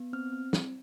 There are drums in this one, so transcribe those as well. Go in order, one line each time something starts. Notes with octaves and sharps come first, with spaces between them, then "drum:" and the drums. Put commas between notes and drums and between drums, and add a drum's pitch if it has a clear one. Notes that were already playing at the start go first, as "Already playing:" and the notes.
Already playing: B3
C4 F6
C4
drum: snare